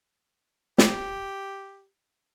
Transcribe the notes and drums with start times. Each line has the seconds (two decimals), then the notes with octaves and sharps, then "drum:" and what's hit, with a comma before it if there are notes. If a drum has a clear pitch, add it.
0.78 G4, drum: snare